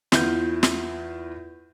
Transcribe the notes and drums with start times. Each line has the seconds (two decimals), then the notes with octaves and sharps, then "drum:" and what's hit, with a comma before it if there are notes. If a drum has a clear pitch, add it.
0.12 E2 E4 F4 G6, drum: snare
0.63 drum: snare